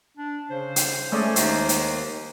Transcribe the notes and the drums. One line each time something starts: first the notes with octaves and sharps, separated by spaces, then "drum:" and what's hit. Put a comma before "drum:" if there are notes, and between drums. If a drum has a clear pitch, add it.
D4
C#3 C5
drum: hi-hat
G#3 A3 C#4 D5
D#2, drum: hi-hat
drum: hi-hat